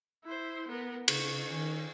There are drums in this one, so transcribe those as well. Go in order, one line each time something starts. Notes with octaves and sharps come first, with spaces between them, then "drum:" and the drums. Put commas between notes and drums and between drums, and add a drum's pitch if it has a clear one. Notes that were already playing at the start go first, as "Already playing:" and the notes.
E4 C5
B3 A#4
C#3 C#6, drum: cymbal
D#3 C#4